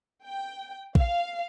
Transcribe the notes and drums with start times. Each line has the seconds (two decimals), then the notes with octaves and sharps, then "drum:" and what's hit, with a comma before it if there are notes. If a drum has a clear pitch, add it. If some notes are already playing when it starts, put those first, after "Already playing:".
0.23 G5
0.95 F5, drum: kick